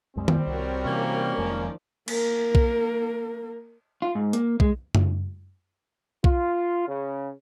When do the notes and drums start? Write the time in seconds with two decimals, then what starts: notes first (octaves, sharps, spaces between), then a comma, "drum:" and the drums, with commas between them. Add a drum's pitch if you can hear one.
0.16 C2 F#2 G3 G#3 C4
0.28 drum: tom D#3
0.47 C2 F#4 A#4 C#5
0.85 C3 E3 A#3 C#4
1.38 F1 F2 D#3 F3 G#3 D5
2.08 A#3 A#4, drum: cymbal
2.55 drum: kick B1
4.02 F4
4.15 G#2
4.33 A#3, drum: hi-hat
4.60 G#3, drum: kick B1
4.95 drum: tom F#2
6.24 F4, drum: kick B1
6.87 C#3